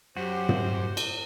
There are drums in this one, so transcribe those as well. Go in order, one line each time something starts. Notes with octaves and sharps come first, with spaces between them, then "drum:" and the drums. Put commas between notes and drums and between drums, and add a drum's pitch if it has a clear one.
F#2 F#4 G4 C5
drum: tom
drum: cymbal